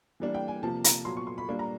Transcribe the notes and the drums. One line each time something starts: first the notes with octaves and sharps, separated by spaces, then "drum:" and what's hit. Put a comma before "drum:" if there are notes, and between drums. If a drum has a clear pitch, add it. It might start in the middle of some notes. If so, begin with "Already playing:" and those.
E3 G3 A#3 D4
G5
G#5
C3 F3 A#3 A5
A#5, drum: hi-hat
A#2 F#3 B3 C6
C#6
C6
B5
A#2 G3 A#3 D4
A#5